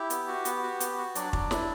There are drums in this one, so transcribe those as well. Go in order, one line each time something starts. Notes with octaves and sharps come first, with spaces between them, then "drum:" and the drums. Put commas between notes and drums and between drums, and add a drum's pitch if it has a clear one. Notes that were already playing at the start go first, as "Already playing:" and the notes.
Already playing: E4 G4
B3, drum: hi-hat
F#4
B3, drum: hi-hat
F#4
B3, drum: hi-hat
F#4
F#3 D4 D5, drum: hi-hat
F#3, drum: kick
E4, drum: snare